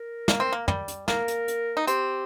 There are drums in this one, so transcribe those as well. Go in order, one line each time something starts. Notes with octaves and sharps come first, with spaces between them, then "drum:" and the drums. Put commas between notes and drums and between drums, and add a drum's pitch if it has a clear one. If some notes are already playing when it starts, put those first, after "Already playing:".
Already playing: A#4
A#3, drum: snare
C4
A#3
G3, drum: tom
drum: hi-hat
A#3 A#4, drum: snare
drum: hi-hat
drum: hi-hat
D#4
C4 G4, drum: hi-hat